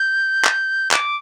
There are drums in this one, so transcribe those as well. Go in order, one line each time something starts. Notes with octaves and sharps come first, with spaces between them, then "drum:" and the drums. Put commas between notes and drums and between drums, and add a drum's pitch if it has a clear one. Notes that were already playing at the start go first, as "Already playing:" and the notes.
Already playing: G6
drum: clap
D6, drum: clap